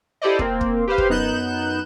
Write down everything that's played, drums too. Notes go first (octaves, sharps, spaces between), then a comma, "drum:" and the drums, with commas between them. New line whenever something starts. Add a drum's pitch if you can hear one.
E4 G4 A4 C5 D5 D#5
A#3 C4, drum: kick
drum: kick
G4 B4 C5 F5
drum: kick
F#2 B3 D#4 F#6 G6 E7